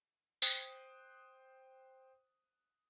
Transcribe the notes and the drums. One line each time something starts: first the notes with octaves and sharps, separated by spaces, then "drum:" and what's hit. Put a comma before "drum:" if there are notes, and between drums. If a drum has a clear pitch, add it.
C5 G5 D#6 F#6, drum: tambourine